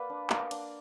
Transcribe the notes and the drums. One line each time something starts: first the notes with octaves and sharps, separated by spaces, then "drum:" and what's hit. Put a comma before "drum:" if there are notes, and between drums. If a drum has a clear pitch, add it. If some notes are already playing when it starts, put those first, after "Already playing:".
Already playing: A#3 B4 D5 F#5
D4
A#3, drum: clap
D4, drum: cymbal